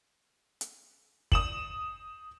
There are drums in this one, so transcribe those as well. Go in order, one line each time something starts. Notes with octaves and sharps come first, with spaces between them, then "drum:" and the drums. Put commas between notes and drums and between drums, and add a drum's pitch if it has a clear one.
drum: hi-hat
D#6 E7 F#7, drum: kick